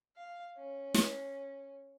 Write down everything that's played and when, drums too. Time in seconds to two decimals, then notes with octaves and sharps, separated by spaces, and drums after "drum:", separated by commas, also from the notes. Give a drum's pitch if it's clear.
0.17 F5
0.57 C#4
0.94 drum: snare